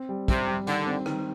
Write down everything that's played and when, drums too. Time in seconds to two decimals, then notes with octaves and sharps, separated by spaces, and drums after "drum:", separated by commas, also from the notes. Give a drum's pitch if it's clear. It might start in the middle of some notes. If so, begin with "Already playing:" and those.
Already playing: C4
0.09 G3
0.28 C3 G3, drum: kick, hi-hat
0.48 G3
0.67 D3 D#3, drum: hi-hat
0.87 C4
1.06 D#3, drum: rim click